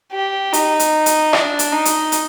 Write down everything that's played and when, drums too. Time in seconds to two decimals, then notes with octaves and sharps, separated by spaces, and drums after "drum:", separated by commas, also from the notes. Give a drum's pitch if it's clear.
0.13 G4
0.53 D#4, drum: hi-hat
0.79 drum: hi-hat
1.06 drum: hi-hat
1.33 D4, drum: rim click
1.59 drum: hi-hat
1.73 D#4
1.85 drum: hi-hat
2.12 drum: hi-hat